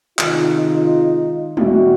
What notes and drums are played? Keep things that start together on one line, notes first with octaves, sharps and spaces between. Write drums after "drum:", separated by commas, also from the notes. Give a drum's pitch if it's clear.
C3 D#3 G#3 D#4 F4, drum: clap
E2 B2 G3 B3 E4 F#4, drum: tom G3